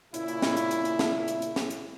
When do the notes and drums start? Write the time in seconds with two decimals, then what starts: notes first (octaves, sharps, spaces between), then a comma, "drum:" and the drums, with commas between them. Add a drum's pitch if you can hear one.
0.14 A#2 C#3 E4, drum: hi-hat
0.28 drum: hi-hat
0.42 drum: snare
0.57 drum: hi-hat
0.71 drum: hi-hat
0.85 drum: hi-hat
0.99 drum: snare
1.28 drum: hi-hat
1.42 drum: hi-hat
1.56 drum: snare
1.71 drum: hi-hat